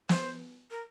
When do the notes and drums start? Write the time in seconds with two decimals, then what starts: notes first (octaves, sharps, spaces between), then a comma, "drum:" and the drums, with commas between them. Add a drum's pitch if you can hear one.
0.09 C5, drum: snare
0.71 A#4